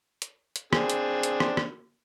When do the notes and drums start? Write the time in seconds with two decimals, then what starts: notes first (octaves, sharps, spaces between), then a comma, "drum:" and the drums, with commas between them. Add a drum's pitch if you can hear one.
0.22 drum: hi-hat
0.56 drum: hi-hat
0.73 C4 D4 G#4, drum: rim click
0.90 drum: hi-hat
1.23 drum: hi-hat
1.40 drum: rim click
1.57 drum: rim click